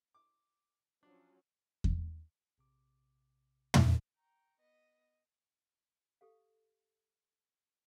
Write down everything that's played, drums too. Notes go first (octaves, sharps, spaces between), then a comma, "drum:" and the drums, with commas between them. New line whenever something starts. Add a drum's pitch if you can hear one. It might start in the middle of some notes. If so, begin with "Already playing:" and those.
D6
F3 F#3 C#4 D4
drum: kick E2
A#1 C3 D6
drum: tom
G5 A#5 C#6
B3 B4 D#5
G4 A4 F5